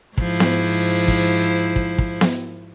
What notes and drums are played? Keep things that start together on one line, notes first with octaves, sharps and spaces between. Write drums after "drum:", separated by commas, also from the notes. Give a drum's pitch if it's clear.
G#2 F3 E4, drum: kick
drum: snare B3
drum: kick
drum: kick
drum: kick
drum: snare B3